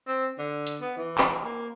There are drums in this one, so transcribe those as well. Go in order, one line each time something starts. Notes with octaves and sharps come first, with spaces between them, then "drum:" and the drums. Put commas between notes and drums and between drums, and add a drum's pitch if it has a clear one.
C4
D3
drum: hi-hat
B3
E3
drum: clap
A#3